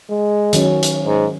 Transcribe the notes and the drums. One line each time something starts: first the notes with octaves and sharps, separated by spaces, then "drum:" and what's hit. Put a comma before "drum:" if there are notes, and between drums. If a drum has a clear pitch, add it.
G#3
D#3 F#3 C#4, drum: hi-hat
drum: hi-hat
G#2